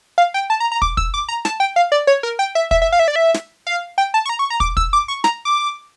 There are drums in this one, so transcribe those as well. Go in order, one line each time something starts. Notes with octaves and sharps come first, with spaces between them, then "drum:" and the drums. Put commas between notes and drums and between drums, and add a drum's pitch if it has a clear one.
F5
G5
A5
A#5
A#5
D6, drum: kick
E6, drum: kick
D6
A#5
A5, drum: snare
G5
F5
D5
C#5
A#4
G5
E5
E5, drum: kick
E5
F5
E5
D5
E5
drum: snare
F5
G5
A5
C#6
A#5
C#6
A#5
D6, drum: kick
E6, drum: kick
D6
C#6
A#5, drum: snare
D6